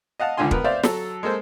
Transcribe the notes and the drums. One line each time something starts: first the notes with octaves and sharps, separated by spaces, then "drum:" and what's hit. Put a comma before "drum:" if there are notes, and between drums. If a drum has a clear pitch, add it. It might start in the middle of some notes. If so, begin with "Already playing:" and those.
D#5 F5 F#5 A5
C#2 G#2 D3 F4 G#5 C6
B3 A#4 B4, drum: kick
C5 D5 E5 F5
F#3 A4, drum: snare
G#3 A#3 A4 C5